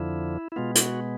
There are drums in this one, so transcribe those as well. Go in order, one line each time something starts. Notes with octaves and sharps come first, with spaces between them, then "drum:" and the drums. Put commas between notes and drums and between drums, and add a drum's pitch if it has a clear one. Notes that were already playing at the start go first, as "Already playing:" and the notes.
Already playing: F2 D3 F3 E4
E4
B2 G#3 B3 F4
F4, drum: hi-hat
F#4